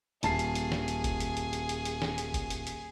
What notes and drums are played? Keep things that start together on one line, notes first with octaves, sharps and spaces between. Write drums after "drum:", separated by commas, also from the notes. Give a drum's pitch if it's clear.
D#1 G#4 A5 C7, drum: hi-hat
drum: hi-hat
drum: hi-hat
drum: snare
drum: hi-hat
drum: kick F#1, hi-hat
drum: hi-hat
drum: hi-hat
drum: hi-hat
drum: hi-hat
drum: hi-hat
drum: snare
drum: hi-hat
drum: kick F#1, hi-hat
drum: hi-hat
drum: hi-hat